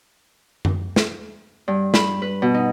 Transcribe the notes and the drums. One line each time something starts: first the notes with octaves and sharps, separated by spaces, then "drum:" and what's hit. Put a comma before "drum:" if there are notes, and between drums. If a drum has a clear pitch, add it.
drum: tom F#2
drum: snare
G2
B5, drum: snare
B4
B2
D#4